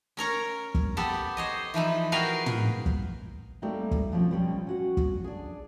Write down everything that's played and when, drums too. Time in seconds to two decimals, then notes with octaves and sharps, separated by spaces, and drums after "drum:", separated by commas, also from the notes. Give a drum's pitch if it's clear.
0.17 C#4 A#4 C#5 A#5
0.75 drum: kick
0.97 B3 G4 A4
1.37 C5 C#5 D#5
1.74 E3 F3 D#4 E4
2.12 F#4 G#4 A#4 B4 F5 G5
2.46 drum: tom
2.86 drum: kick
3.62 G3 A3 A#3 C4 D#4
3.91 drum: kick
4.12 B2 F3 G3 A3 C4 C#4
4.31 B2 G3 C4 C#4
4.67 C#4 F#4 F#5
4.97 drum: kick
5.24 D4 G#4